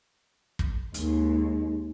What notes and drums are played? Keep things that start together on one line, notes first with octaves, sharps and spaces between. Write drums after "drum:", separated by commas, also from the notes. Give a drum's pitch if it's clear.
drum: kick
D#2 G#3, drum: hi-hat